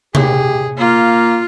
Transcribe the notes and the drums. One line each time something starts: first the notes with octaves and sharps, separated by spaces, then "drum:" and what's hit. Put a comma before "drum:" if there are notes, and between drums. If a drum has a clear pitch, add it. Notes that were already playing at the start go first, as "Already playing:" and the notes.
G4 G#4, drum: tom C3
A#3 F4